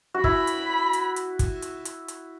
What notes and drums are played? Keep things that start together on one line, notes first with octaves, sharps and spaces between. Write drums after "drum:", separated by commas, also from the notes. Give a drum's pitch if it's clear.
F#4
E4 B5, drum: kick
drum: hi-hat
drum: hi-hat
drum: hi-hat
drum: kick, hi-hat
drum: hi-hat
drum: hi-hat
drum: hi-hat